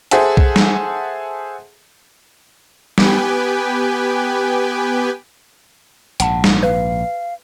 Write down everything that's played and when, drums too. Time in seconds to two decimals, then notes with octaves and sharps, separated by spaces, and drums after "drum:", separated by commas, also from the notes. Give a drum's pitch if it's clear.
0.11 G#4 A4 C5 E5 F#5 A5, drum: hi-hat
0.37 drum: kick B1
0.56 drum: snare
2.98 B3 G4 B4 G5 G#5, drum: snare
6.20 A#1 G#2 F#5 A5, drum: hi-hat
6.44 drum: snare
6.63 B4 F5